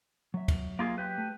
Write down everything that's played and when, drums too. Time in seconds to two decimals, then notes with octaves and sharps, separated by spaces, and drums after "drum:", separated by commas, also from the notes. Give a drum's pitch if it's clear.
0.34 F#3 E5
0.48 drum: kick, cymbal
0.79 A#3 F4 G#4
0.98 G4 B4
1.18 A3